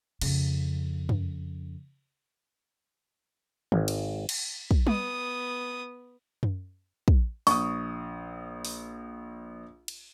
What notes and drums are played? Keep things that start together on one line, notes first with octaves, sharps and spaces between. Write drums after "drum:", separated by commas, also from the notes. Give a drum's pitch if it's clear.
F2 C#3, drum: cymbal
drum: tom F#2
G#1, drum: tom D#3
drum: cymbal
drum: cymbal
drum: kick
B3 D#6, drum: tom G3
drum: tom F#2
drum: kick
A#1 C#6 D#6, drum: open hi-hat
drum: open hi-hat
drum: cymbal